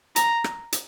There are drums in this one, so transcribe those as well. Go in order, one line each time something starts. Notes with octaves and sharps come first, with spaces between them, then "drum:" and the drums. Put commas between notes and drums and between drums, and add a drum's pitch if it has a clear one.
A#5, drum: hi-hat
drum: rim click
drum: hi-hat